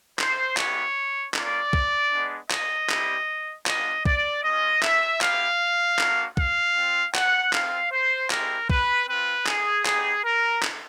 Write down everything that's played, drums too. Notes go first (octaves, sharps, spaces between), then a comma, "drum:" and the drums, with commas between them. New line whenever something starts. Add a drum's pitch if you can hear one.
C5, drum: clap
G#3 B3 E4 G4 C#5, drum: clap
A#3 C#4 F4 D5, drum: clap
drum: kick
G#3 B3 D4
D#5, drum: clap
G3 C4 E4 G4, drum: clap
G3 B3 D4 F4 D#5, drum: clap
D5, drum: kick
G#3 C#4 F4 D#5
E5, drum: clap
B3 E4 G4 F5, drum: clap
A#3 D4 F#4, drum: clap
F5, drum: kick
C4 F4
F#5, drum: clap
C4 F4 F5, drum: clap
C5
G#3 C4 E4 G4 A#4, drum: clap
B4, drum: kick
C4 F4 B4
G#4, drum: clap
B3 D#4 G4 G#4, drum: clap
A#4
drum: clap